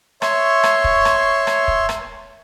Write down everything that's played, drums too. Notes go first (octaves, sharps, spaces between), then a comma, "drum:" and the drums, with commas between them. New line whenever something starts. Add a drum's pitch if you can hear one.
C#5 E5 C6 C#6, drum: rim click
drum: rim click
drum: kick
drum: rim click
drum: rim click
drum: kick
drum: rim click